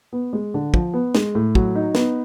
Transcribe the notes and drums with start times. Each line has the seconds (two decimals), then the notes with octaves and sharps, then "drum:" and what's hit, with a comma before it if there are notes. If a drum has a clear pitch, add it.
0.13 B3
0.33 G#3
0.54 D3
0.74 F3, drum: kick
0.94 B3
1.15 G#3, drum: snare
1.35 A2
1.55 F#3, drum: kick
1.76 D#4
1.95 B3, drum: snare